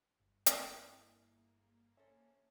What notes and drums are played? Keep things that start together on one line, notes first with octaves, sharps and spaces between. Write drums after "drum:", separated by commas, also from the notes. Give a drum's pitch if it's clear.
G1
drum: hi-hat
G#3 A#3 E4 G#4
C#4 A4 C5 E5